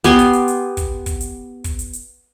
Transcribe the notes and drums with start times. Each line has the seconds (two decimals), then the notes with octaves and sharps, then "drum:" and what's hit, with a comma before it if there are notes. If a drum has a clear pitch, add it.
0.04 B3 G4 G#5 C6, drum: kick, hi-hat
0.19 drum: hi-hat
0.33 drum: hi-hat
0.48 drum: hi-hat
0.77 drum: kick, hi-hat
1.06 drum: kick, hi-hat
1.21 drum: hi-hat
1.64 drum: kick, hi-hat
1.79 drum: hi-hat
1.93 drum: hi-hat